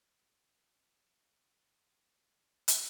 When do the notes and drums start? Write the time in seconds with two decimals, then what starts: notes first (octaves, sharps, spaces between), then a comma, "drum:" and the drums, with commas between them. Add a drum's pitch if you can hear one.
0.22 G#3 A3 B3 D4 D#4 F#4
1.30 B2 G3 G#3 E4
1.62 A#3 C#4 C5 D5
2.16 E3 G3 A3
2.68 drum: hi-hat